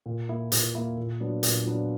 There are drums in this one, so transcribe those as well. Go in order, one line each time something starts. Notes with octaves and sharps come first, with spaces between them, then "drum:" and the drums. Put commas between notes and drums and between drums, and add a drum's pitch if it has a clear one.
A#2
A#3 E4
A#2, drum: hi-hat
A#3 E4
A#2
F#3 B3 D4
A#2, drum: hi-hat
F#3 B3 D4